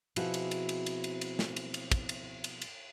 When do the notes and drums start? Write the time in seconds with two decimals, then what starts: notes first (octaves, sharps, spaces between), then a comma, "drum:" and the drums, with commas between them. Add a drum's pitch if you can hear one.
0.16 B2 F3 C4 E4 F#4 G#4, drum: cymbal
0.34 drum: cymbal
0.51 drum: cymbal
0.69 drum: cymbal
0.86 drum: cymbal
1.04 drum: cymbal
1.21 drum: cymbal
1.39 drum: snare
1.56 drum: cymbal
1.74 drum: cymbal
1.92 drum: kick, cymbal
2.09 drum: cymbal
2.44 drum: cymbal
2.62 drum: cymbal